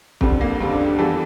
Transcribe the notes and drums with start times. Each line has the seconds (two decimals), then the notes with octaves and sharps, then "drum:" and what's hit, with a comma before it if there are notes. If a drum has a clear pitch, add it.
0.21 F2 D3 G3 C4, drum: kick
0.41 A#3
0.60 F2 D3 G3 C4
0.72 D4
0.85 G4
0.98 E2 E3 G3 A4